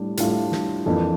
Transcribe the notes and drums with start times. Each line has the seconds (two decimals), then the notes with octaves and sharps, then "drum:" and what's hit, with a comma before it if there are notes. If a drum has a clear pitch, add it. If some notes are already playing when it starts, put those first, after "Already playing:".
Already playing: A2 G3 D4
0.17 A2 G3 D4 F4 A4, drum: hi-hat
0.52 drum: snare
0.86 F2 E3 A#3 D4 F4